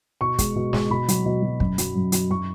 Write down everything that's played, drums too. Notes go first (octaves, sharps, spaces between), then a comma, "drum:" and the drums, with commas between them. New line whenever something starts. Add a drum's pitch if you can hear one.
B2 C#6
G#3, drum: kick, hi-hat
B2
G#3, drum: snare
B2 B5
F#3, drum: hi-hat
B2
F#3
F#2, drum: kick
F#3, drum: hi-hat
F#2
F#3, drum: hi-hat
F#2 C#6